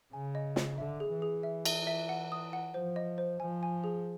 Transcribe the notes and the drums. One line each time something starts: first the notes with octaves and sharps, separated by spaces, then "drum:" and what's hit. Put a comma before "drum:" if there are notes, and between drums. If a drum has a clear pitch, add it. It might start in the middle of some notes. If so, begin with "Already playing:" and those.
C#3 G#5
D#5
D#5, drum: snare
D3 E5
G#4
E3
G#4
E5
E5, drum: cymbal
E5
F#5
D#6
F#5
F3 C5
D#5
C5
F3 G#5
G#5
G#4